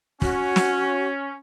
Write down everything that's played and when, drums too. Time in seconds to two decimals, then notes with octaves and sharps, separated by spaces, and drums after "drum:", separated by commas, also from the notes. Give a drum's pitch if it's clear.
0.22 C#4 F#4, drum: kick
0.56 drum: snare